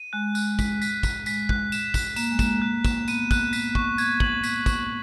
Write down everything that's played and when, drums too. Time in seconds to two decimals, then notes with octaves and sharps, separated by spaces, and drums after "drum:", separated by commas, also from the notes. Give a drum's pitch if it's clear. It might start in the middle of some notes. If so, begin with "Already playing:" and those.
Already playing: D#7
0.13 G#3 F#6
0.35 F#6, drum: tambourine
0.59 B6, drum: kick, tambourine
0.82 B6, drum: tambourine
1.03 B6, drum: kick, tambourine
1.26 G#3 B6, drum: tambourine
1.49 F#6, drum: kick
1.72 E7, drum: tambourine
1.94 F#6, drum: kick, tambourine
2.16 A#3 E7, drum: tambourine
2.32 G#3
2.39 E7, drum: kick, tambourine
2.47 A#3
2.62 A#3 F#6
2.85 E7, drum: kick, tambourine
3.08 B3 D#7, drum: tambourine
3.31 F#6, drum: kick, tambourine
3.53 B6, drum: tambourine
3.75 C#6, drum: kick
3.98 G#6, drum: tambourine
4.20 F#7, drum: kick
4.44 B6, drum: tambourine
4.66 C#6, drum: kick, tambourine